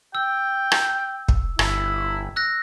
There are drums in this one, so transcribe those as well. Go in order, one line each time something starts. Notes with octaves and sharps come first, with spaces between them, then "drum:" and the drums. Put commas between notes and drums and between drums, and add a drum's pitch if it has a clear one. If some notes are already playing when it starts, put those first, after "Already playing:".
G5 E6
drum: rim click
drum: kick
G1 E4, drum: rim click
E6 F#6 A#6